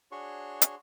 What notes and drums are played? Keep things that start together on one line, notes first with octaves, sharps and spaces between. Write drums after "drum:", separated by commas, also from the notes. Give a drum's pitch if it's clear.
D4 F#4 G#4 C#5 C6 C#6
drum: hi-hat